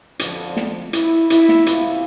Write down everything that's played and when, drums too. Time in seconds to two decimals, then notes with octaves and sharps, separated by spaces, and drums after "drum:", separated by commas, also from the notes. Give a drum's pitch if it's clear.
0.19 F2 D3 F3, drum: hi-hat
0.57 drum: snare
0.93 E4, drum: hi-hat
1.30 E4, drum: hi-hat
1.49 drum: snare
1.67 E2 C3 E3 F4, drum: hi-hat